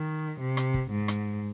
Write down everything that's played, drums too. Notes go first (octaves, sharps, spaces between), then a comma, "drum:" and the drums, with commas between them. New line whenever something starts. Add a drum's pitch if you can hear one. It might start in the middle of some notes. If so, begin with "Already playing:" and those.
Already playing: D#3
C3
drum: rim click
drum: kick
G#2
drum: rim click